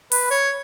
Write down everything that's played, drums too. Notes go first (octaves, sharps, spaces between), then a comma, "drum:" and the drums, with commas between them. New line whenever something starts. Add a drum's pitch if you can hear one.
B4, drum: open hi-hat
C#5